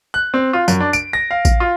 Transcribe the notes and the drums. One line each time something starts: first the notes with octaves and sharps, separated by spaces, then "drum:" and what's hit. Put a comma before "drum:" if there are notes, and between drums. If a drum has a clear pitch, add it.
F#6
C4
F4
F#2, drum: tambourine
D4
D7, drum: tambourine
A#6
F5
drum: kick A1, tambourine
F4